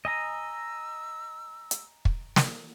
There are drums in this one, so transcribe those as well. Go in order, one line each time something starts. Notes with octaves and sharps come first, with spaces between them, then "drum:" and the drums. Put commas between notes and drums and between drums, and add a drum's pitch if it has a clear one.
D#5 G#5 A#5 E6
drum: hi-hat
drum: kick
drum: snare